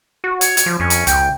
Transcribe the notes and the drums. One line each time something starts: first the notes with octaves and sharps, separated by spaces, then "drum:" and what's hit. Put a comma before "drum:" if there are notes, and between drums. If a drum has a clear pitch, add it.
F#4
C#5, drum: hi-hat
drum: hi-hat
F3
F2 C#4
drum: hi-hat
C#2 G5, drum: hi-hat